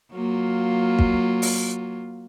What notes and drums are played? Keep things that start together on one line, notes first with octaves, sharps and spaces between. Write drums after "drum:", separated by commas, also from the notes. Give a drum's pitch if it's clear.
F#3 A#3 F4
drum: kick
drum: open hi-hat